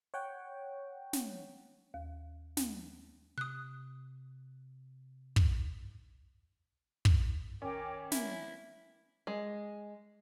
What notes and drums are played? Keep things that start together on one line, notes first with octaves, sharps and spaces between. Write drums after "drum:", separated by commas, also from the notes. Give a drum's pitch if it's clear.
C#5 F#5 G5
drum: snare
D#2
drum: snare
C3 D#6 F#6
drum: kick
drum: kick
D#3 C#4 A#4 G5 D6
E4 B4, drum: snare
G#3